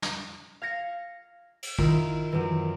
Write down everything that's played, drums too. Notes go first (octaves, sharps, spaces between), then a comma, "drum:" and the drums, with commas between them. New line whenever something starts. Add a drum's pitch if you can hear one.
drum: snare
F5 G#6 A#6 C#7
drum: cymbal
D#3 E4 F4, drum: kick
F#2 E3